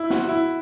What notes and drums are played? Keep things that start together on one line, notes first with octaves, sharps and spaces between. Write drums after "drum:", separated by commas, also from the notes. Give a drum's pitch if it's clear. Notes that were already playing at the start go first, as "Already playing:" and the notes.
Already playing: E4
F#4, drum: snare
E4